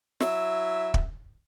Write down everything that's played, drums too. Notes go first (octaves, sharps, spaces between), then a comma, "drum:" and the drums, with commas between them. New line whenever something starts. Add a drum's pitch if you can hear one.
F#3 E4 E5, drum: snare
drum: kick